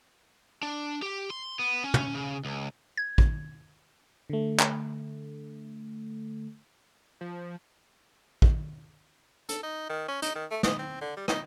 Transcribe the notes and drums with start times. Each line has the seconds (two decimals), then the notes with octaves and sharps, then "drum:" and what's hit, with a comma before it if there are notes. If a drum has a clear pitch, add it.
0.63 D4
1.02 G4
1.30 C6
1.59 B3
1.84 C#4
1.94 drum: tom
2.14 C#3
2.45 C#2
2.97 G#6
3.18 drum: kick
4.30 D3 A3
4.60 drum: clap
7.21 F3
8.42 drum: kick
9.49 A4, drum: hi-hat
9.63 D#4
9.89 D#3
10.08 C#4
10.22 D#4, drum: hi-hat
10.35 D#3
10.50 A3
10.63 D#5, drum: snare
10.78 C4
11.01 D3
11.17 G3
11.28 D#4, drum: rim click